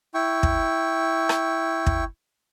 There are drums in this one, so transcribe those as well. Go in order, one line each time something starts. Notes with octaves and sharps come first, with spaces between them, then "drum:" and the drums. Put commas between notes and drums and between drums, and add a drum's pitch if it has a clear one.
E4 G5 C#6
drum: kick
drum: rim click
drum: kick